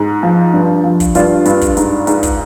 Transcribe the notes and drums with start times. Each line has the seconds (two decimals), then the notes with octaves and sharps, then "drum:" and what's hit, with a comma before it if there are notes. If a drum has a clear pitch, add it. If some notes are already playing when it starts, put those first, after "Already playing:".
Already playing: G#2
0.23 F3
0.53 G2
0.84 F3
1.00 drum: kick, hi-hat
1.15 G2 D4 F4, drum: hi-hat
1.45 G2, drum: hi-hat
1.61 drum: kick, hi-hat
1.77 G#2, drum: hi-hat
2.07 G#2, drum: hi-hat
2.23 drum: kick, hi-hat